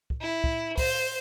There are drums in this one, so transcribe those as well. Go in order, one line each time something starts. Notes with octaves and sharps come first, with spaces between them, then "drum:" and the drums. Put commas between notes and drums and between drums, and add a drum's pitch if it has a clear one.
drum: kick
E4
drum: kick
C5, drum: kick, open hi-hat